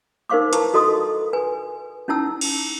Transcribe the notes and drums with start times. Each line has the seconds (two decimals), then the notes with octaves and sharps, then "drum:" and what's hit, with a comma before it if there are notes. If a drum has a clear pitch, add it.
0.30 D#4 A#4 C5 F5 C#6 D6
0.53 E4 B4 A5 C#6, drum: hi-hat
0.74 F#4 A4 D#5 C6 D#6
1.33 B4 G#5
2.08 C#4 D#4 E4 A5 E6
2.41 drum: cymbal